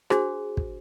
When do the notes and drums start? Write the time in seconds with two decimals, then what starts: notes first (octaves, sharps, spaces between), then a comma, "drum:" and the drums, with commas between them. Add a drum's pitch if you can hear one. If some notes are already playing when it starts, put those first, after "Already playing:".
0.10 D4 F#4 G#4 C5, drum: rim click
0.57 drum: kick